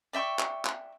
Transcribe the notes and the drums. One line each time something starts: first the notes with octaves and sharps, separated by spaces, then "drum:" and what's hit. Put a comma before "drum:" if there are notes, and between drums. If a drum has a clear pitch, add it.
D5 E5 G5 C#6
drum: clap
drum: clap